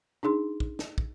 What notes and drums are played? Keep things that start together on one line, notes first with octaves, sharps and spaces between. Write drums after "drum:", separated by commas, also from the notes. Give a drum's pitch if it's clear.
D4 D#4 G#4 C6
drum: kick
drum: snare
drum: kick